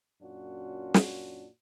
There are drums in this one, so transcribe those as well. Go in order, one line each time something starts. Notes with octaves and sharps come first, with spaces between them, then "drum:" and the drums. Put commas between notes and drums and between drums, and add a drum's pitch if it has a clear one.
F#2 A#2 C#4 D4 F4 F#4
drum: snare